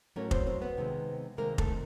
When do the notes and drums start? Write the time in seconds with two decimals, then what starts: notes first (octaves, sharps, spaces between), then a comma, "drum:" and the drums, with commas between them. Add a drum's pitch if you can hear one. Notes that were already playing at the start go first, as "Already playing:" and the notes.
0.16 A2 F#3 A3 A#3 C#4 A#4
0.31 C4 C5, drum: kick F1
0.47 C4 C5
0.62 B3 B4
0.77 C3 D#3 G#3 C4
1.37 C3 D#3 G#3 A#3 C4 A#4
1.58 A3 A4, drum: kick F1